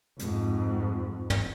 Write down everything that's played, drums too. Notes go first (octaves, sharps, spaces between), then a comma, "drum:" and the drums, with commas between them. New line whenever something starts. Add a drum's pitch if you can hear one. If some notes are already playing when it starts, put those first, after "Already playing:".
F2 G#2, drum: hi-hat
drum: tom